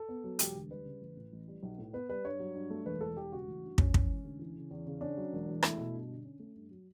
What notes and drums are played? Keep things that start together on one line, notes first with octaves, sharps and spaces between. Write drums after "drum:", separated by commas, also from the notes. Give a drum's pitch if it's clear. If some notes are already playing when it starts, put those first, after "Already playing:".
Already playing: A4
B3
F#3
E1 G4, drum: hi-hat
D2
G3 B4
C#3
A1
A2
A1
G3
B1
A2
B3 B4
G3 B4
G2 C#5
F#3
G2
A3
E1 B4
E2 A4
E1 G4
C#3 F#4
A1
G2
A3 C#4, drum: kick
E3, drum: kick
E1
D2
E3
C#3
E2
C#3
C#4 D4
F#3
E1
E2
A3 E4, drum: rim click
B2
G2
D3
C#4
A3
G2
F#3